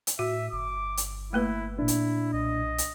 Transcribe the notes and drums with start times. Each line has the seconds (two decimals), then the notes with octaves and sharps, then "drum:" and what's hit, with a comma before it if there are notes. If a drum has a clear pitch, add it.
0.07 drum: hi-hat
0.19 A2 F#4 E5
0.52 G1 D6
0.97 drum: hi-hat
1.33 A3 A#3 E4 B4
1.79 A#2 D4 E4
1.88 drum: hi-hat
2.33 B1 D#5
2.78 drum: hi-hat